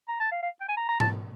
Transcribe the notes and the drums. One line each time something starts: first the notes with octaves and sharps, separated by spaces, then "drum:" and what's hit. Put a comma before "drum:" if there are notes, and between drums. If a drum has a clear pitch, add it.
A#5
A5
F5
F5
G5
G#5
A#5
A#5
A5, drum: tom G#2